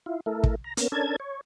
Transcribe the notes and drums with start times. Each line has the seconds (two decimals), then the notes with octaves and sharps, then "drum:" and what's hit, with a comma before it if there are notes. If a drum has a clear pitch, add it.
0.06 E4 F4
0.26 A3 E4 A4 A#4
0.43 drum: kick
0.64 A#5
0.77 A#3 B3 C#4 A#4, drum: hi-hat
0.92 C#4 D4 A4 A#4 A5 G#6
1.20 C#5